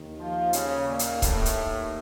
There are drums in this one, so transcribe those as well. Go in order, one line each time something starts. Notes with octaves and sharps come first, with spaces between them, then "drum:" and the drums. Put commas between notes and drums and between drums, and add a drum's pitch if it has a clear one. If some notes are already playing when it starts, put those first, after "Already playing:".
Already playing: D#2 D#3
F3 F4
C#3 C#4, drum: hi-hat
A#2 A#3
drum: hi-hat
A2 A3, drum: kick C#1, hi-hat
drum: hi-hat